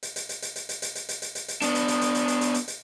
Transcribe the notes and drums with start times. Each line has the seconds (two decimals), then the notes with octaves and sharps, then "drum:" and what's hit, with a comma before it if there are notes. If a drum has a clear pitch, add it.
0.03 drum: hi-hat
0.16 drum: hi-hat
0.29 drum: hi-hat
0.42 drum: hi-hat
0.56 drum: hi-hat
0.69 drum: hi-hat
0.82 drum: hi-hat
0.95 drum: hi-hat
1.09 drum: hi-hat
1.22 drum: hi-hat
1.35 drum: hi-hat
1.48 drum: hi-hat
1.62 B3 D4, drum: hi-hat
1.75 drum: hi-hat
1.88 drum: hi-hat
2.01 drum: hi-hat
2.15 drum: hi-hat
2.28 drum: hi-hat
2.41 drum: hi-hat
2.54 drum: hi-hat
2.68 drum: hi-hat